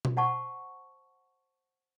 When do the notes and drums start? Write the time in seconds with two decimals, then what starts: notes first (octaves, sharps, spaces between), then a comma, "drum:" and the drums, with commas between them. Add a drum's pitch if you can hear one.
0.05 drum: tom B2
0.17 C5 F#5 A5 C#6